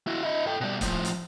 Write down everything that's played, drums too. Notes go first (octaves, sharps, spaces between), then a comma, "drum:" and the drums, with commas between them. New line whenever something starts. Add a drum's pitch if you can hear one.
E4 F#4
E4 D#5
A4 G5
B2 G3
A2 F3, drum: kick, hi-hat
drum: hi-hat